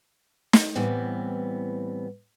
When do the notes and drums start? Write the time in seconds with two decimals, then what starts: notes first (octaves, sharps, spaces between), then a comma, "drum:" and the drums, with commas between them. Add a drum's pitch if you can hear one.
0.53 drum: snare
0.75 A2 E3 G3 B3 C4